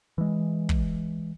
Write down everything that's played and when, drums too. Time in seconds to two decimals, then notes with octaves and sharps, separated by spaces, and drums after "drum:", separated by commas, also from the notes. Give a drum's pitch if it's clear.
0.18 E3 G#3
0.69 drum: kick